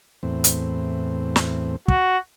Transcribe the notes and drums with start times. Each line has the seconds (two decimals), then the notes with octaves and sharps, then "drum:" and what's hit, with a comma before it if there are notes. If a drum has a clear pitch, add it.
0.23 E2 A2 C4
0.44 drum: hi-hat
1.36 drum: snare
1.88 F#4, drum: kick